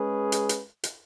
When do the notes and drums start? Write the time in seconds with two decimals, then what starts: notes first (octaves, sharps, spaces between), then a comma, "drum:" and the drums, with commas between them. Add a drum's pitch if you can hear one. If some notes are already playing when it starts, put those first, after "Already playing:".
Already playing: G#3 C#4 G#4 B4
0.32 drum: hi-hat
0.49 drum: hi-hat
0.83 drum: hi-hat